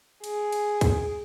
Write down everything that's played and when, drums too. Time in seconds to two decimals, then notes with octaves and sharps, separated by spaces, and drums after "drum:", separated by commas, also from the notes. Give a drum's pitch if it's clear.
0.24 G#4, drum: cymbal
0.52 drum: cymbal
0.81 drum: kick, cymbal